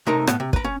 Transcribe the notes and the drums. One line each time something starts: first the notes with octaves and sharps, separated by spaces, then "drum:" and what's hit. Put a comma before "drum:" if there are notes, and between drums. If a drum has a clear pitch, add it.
C3 A3 D#4 A#4 A#5
A2 B3, drum: rim click
C3
B4 A#5, drum: kick
C#4